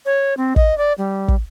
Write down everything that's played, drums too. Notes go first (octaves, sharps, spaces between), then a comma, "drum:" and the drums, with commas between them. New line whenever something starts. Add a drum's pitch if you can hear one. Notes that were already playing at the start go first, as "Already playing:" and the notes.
C#5
C4
D#5, drum: kick
D5
G3
drum: kick